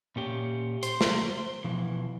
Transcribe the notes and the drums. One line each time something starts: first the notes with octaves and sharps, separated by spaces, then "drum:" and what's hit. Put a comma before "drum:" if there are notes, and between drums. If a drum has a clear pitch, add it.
A#2 C#4 G4
C5, drum: hi-hat
drum: snare
B2 E3 F3